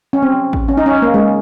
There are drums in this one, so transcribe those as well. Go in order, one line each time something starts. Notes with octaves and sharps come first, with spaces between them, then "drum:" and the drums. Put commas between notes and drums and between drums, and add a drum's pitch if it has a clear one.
C#4
C4
drum: kick
C#4
D#4
C#4
A#3
G#3